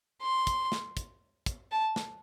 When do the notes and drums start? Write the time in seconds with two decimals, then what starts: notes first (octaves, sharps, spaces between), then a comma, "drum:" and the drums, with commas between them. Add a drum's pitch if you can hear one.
0.22 C6
0.47 drum: kick, hi-hat
0.72 drum: snare
0.97 drum: kick, hi-hat
1.46 drum: kick, hi-hat
1.72 A5
1.96 drum: snare